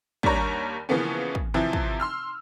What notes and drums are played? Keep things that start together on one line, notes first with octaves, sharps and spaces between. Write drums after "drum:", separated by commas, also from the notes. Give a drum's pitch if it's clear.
D#2 G3 D4 A#4 C#5 A#5, drum: kick
C#3 E3 F3 A#3 B3 C#4
drum: kick
C3 E3 F3 E4
drum: kick
C6 E6 F6